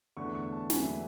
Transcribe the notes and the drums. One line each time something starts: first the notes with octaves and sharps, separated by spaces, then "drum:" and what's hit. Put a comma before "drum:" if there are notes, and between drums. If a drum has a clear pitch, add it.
E2 D3 A3 C#6
C#6
A5
E2 D3 F#3 A3 G#5, drum: snare
E5